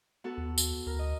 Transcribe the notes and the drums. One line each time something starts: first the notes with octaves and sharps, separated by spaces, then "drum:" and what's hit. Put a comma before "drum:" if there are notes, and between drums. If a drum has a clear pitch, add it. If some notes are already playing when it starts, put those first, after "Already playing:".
B3 F#4 A4
D#2
drum: tambourine
D2 A#4
D#5